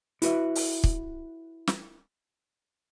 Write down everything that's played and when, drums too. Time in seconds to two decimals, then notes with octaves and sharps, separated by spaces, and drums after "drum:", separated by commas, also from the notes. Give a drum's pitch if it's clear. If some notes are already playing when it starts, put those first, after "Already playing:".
0.22 E4 F#4 B4 E5, drum: hi-hat
0.55 drum: open hi-hat
0.84 drum: kick
1.67 drum: snare